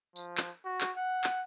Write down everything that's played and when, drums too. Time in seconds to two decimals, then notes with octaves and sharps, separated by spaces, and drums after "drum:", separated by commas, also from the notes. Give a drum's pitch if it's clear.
0.16 F3, drum: tambourine
0.38 drum: clap
0.65 F#4
0.81 drum: clap
0.97 F#5
1.24 drum: clap